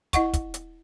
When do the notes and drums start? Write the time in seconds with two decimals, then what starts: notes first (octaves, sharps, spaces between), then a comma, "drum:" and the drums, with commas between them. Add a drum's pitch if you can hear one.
0.13 E4 D#5 F#5 C#6, drum: kick, hi-hat
0.33 drum: kick, hi-hat
0.54 drum: hi-hat